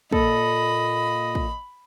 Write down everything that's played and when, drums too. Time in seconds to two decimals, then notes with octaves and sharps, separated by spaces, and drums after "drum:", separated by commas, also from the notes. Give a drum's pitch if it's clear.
0.13 A#2 A4 D#5 B5, drum: kick
1.35 drum: kick